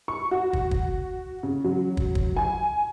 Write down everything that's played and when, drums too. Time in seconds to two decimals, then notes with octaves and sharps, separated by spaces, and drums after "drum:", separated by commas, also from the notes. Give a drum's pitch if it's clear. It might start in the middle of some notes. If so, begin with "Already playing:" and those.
0.08 C#6
0.31 F#4
0.53 drum: kick
0.71 drum: kick
1.43 C#3
1.64 F#3
1.97 drum: kick
2.15 drum: kick
2.37 G#5